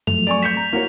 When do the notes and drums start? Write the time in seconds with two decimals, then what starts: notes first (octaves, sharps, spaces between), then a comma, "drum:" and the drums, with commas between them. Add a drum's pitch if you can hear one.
0.07 F3 F#3 A3 F7, drum: tom F#2
0.27 D5 G#5 C#6
0.43 G6 B6 C#7 E7
0.57 A#5
0.73 A#3 E4 F#4 C#5